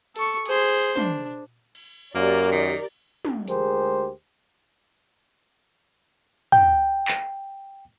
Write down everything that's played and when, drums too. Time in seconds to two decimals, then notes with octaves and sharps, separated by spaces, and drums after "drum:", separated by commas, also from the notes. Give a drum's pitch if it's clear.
0.16 A4 C#6, drum: hi-hat
0.46 G#4 C5, drum: hi-hat
0.97 D4, drum: tom
1.75 drum: cymbal
2.15 F#2 A#3 G4 A#4 D5
2.52 D#3
3.25 drum: tom
3.48 D2 G#3 G4 G#4 A#4 C5, drum: hi-hat
6.52 G5, drum: tom
7.08 drum: clap